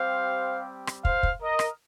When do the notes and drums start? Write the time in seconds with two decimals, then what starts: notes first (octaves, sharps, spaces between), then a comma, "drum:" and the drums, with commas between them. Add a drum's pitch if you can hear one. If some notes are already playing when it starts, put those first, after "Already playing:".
Already playing: G3 C4 G4 C5 F5
0.87 drum: rim click
1.05 C5 F5, drum: kick
1.23 drum: kick
1.41 A#4 D#5
1.59 drum: rim click